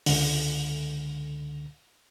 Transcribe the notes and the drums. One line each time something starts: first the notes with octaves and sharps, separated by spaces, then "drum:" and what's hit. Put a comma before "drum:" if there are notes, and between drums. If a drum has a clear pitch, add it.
C#2 D3, drum: open hi-hat